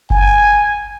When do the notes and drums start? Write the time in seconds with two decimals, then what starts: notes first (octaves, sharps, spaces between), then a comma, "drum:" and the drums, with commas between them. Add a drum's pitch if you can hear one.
0.10 G#5, drum: kick F#1